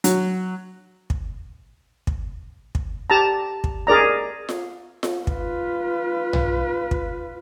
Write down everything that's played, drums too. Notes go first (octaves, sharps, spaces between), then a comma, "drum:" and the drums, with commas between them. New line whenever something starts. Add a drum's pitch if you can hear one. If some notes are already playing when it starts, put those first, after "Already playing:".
F#3, drum: hi-hat
drum: kick
drum: kick
drum: kick
G4 A5 A#5
drum: kick
G#4 A#4 D5 A#5
drum: snare F4
drum: snare F4
F4 B4, drum: kick
drum: tom B1
drum: kick